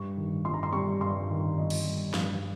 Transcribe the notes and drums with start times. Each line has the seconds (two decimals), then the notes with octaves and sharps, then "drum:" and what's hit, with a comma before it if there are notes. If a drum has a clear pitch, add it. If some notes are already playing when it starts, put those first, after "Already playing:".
Already playing: G2 C#6
0.17 D#3
0.45 G1 C6
0.54 A#5
0.63 C6
0.73 G3 C#6
1.01 G2 C6
1.30 D#3
1.58 G1 D#5
1.70 drum: cymbal
1.85 G3
2.14 G2 F5, drum: snare